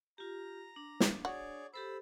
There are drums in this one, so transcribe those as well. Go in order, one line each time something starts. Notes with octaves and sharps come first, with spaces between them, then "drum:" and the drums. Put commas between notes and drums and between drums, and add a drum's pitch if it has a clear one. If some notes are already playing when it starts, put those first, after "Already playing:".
F4 G4 A#5
D4
drum: snare
F#4 G#4 C#5 D5
G4 A4 C5 B5 E6